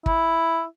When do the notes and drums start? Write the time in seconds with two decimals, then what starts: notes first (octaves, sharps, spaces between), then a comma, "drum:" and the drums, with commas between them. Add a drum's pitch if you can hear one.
0.06 E4, drum: kick